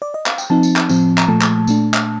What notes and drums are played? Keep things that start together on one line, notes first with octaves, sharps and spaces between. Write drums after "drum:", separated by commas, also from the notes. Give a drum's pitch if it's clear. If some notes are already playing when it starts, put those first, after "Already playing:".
D5
D#5
F5, drum: clap
G5, drum: tambourine
F3 C4 D#4 A5
drum: tambourine
drum: clap
A2 F3 C4, drum: tambourine
A#5, drum: clap
A#2 F3 A3 A5
drum: clap
A#2 A3 D4, drum: tambourine
drum: clap